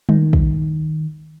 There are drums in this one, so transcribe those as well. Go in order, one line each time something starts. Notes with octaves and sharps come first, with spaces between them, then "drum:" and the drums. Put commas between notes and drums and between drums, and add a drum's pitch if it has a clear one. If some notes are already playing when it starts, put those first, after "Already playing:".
D#3, drum: tom G3
drum: kick